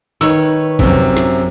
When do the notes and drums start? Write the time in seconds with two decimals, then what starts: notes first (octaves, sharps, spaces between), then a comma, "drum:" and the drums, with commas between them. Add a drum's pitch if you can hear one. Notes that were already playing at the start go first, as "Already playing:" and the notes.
0.21 D#3 B4 C#5 E6
0.79 F#2 C3, drum: kick
1.17 drum: snare